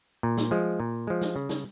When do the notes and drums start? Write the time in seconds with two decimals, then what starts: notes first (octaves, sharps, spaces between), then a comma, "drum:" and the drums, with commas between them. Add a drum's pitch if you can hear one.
0.23 A#2
0.38 drum: snare
0.51 F3 G#3
0.80 A#2
1.07 F3 G#3
1.21 drum: snare
1.36 C#3
1.49 drum: snare